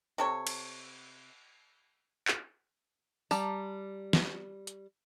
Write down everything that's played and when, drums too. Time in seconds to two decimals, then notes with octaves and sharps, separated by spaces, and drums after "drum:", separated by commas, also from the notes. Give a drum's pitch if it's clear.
0.18 C3 A4 C#5
0.47 drum: cymbal
2.28 drum: clap
3.31 G3 A5 A#5, drum: tambourine
4.13 drum: snare
4.67 drum: hi-hat